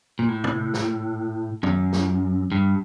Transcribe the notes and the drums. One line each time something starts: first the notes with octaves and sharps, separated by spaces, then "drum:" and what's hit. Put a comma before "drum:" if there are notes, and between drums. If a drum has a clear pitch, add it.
A#2
A2
drum: tom
drum: snare
F#2, drum: tom
drum: snare
G2